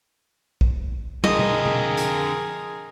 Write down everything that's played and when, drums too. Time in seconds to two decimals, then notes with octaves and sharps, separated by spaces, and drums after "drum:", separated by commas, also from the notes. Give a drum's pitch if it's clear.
0.61 drum: kick
1.24 F2 D3 G#4 A#4 D#5, drum: tom
1.39 drum: tom B2
1.66 drum: tom B2
1.97 drum: hi-hat